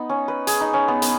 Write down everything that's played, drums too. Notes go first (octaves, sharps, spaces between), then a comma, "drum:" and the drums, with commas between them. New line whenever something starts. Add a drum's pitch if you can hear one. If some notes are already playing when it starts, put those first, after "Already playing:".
Already playing: B3 D#4
C#4
B4
G#4, drum: hi-hat
D#4
C#4
B3
B3, drum: hi-hat